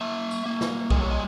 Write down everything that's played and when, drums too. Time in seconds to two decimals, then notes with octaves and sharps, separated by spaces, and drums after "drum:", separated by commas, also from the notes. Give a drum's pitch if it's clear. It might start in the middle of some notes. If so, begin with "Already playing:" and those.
0.01 A#3 E5
0.31 drum: tambourine
0.46 A#3
0.61 drum: snare
0.90 G3 D#5, drum: kick B1
1.00 C#5
1.10 D#5